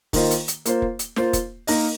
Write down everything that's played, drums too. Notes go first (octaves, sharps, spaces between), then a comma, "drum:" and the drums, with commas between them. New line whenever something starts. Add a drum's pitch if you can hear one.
D#3 A#3 F4 C5 D#5, drum: kick, open hi-hat
drum: hi-hat
drum: hi-hat
A#3 F4 C5, drum: hi-hat
drum: kick
drum: hi-hat
A#3 F4 C5, drum: snare
drum: kick, hi-hat
A#3 D#4 A#4 D#5, drum: open hi-hat